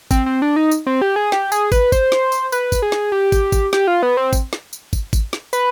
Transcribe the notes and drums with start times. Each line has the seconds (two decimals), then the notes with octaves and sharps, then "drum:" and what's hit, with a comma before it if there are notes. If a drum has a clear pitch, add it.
0.11 C4, drum: kick, tambourine
0.26 C4
0.42 D4
0.56 D#4
0.71 drum: tambourine
0.87 C4
1.02 G4
1.16 G#4
1.32 G4, drum: snare
1.52 G#4, drum: tambourine
1.72 B4, drum: kick, tambourine
1.92 C5, drum: kick, tambourine
2.12 drum: snare
2.32 drum: tambourine
2.52 B4, drum: tambourine
2.72 drum: kick, tambourine
2.82 G#4
2.92 drum: snare
3.12 G4
3.32 drum: kick, tambourine
3.52 drum: kick, tambourine
3.73 G4, drum: snare
3.87 F4
4.02 B3
4.17 C4
4.33 drum: kick, tambourine
4.53 drum: snare
4.73 drum: tambourine
4.93 drum: kick, tambourine
5.13 drum: kick, tambourine
5.33 drum: snare
5.53 B4, drum: tambourine